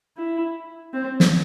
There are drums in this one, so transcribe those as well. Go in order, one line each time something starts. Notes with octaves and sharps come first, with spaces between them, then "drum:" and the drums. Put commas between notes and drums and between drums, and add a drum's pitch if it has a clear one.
E4
C4
drum: snare